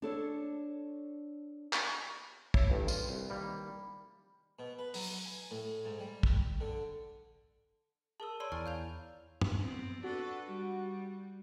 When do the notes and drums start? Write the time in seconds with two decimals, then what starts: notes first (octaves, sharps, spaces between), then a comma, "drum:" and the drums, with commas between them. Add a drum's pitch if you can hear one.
0.02 D4 A4 C#5
1.73 drum: clap
2.54 E4 C#5, drum: kick
2.70 A1 G2 B4
2.88 F4, drum: tambourine
3.09 C2
3.30 D#3 G3 A#3 B5
4.59 B2
4.79 B4
4.94 F#3, drum: open hi-hat
5.26 G#5
5.51 A2
5.85 G#2
5.99 G3
6.23 drum: kick
6.61 D3
8.20 G#4 A#4 A5 D#6 E6
8.40 C#5 D5 B5 C6 E6
8.52 E2 E4 G#5 C#6 F6
8.66 F5 G6 F7
9.41 drum: tom
9.57 B3 C4
10.04 D4 F#4 A4 B4
10.47 G3